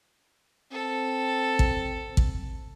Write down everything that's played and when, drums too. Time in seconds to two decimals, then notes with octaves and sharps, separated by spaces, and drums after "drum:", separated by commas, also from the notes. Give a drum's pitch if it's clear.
0.72 C4 A4
1.59 drum: kick
2.17 drum: kick